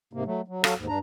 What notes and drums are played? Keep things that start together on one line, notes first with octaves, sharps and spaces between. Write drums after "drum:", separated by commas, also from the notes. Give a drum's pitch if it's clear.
G#2 C3 A#3
F#3 A3
F#3
F#3 F#4 A4 F5, drum: rim click
D#2 G#2
G2 D4 A#5